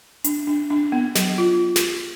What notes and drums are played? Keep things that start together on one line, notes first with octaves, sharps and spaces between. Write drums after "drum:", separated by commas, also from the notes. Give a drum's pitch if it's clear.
D4, drum: hi-hat
D4
D4
B3
F#3, drum: snare
F4
drum: snare